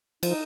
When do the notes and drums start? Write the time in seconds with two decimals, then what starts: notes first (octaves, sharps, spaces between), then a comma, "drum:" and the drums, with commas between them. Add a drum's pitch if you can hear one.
0.23 F3 D#4, drum: cymbal